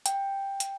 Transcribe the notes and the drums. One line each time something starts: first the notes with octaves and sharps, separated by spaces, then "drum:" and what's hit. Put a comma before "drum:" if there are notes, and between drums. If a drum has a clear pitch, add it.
G5, drum: hi-hat
drum: hi-hat